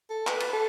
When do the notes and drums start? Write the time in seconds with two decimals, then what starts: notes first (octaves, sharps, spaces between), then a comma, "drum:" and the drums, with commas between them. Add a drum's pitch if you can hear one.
0.10 A4
0.27 B4, drum: clap
0.40 drum: cymbal
0.53 A4